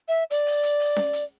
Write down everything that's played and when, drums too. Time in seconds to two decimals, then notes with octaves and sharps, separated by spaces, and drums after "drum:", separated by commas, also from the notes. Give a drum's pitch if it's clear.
0.08 E5
0.30 D5, drum: hi-hat
0.46 drum: open hi-hat
0.63 drum: hi-hat
0.80 drum: open hi-hat
0.96 drum: snare C#4
1.13 drum: hi-hat